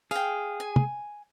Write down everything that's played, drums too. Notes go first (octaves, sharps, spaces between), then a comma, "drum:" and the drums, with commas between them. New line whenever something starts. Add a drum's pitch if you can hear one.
G#4 F5 G5, drum: tambourine
G#5
drum: tom